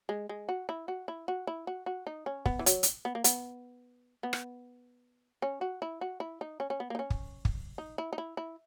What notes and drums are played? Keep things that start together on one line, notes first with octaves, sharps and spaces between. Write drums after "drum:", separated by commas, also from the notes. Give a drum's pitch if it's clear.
G#3
G#3
F#4
E4
F#4
E4
F#4
E4
F#4
F#4
D#4
C#4
B3, drum: kick
E3
F#3, drum: hi-hat
drum: hi-hat
B3
A#3
B3, drum: hi-hat
B3
drum: rim click
C#4
F#4
E4
F#4
E4
D#4
C#4
C#4
B3
A#3
D#4
C#4
drum: kick
drum: kick
D#4
E4
D#4
E4
E4